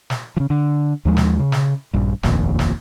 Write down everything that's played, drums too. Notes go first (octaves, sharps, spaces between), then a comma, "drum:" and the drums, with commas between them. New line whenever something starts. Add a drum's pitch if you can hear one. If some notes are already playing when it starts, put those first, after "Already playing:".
drum: snare
C#3 F3
D3
D#2 F3 G#3
drum: snare
C#3
drum: snare
A#1 G2
F1 A#1 D#2 A#2, drum: snare
drum: snare